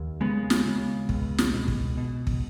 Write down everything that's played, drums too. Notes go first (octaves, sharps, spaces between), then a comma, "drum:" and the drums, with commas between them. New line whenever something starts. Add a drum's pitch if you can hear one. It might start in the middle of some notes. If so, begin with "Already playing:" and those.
Already playing: D#2
C#3 G#3 B3
drum: snare
C#3
C#2, drum: kick
drum: snare
B2
drum: kick
B2
drum: kick